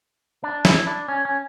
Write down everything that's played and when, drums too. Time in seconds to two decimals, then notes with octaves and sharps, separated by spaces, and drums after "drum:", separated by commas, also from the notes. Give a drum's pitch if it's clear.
0.44 D4
0.65 E4, drum: snare
0.87 D4
1.08 C#4
1.25 C#4